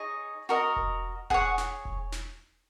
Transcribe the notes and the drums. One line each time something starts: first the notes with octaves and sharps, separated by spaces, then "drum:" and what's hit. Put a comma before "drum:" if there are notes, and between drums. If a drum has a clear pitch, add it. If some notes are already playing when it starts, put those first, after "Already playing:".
Already playing: D#4 G#4 C#5 D#5
F#4 A#4 D#5
drum: kick E1
G#4 C#5 F#5, drum: kick E1
drum: snare
drum: kick E1
drum: snare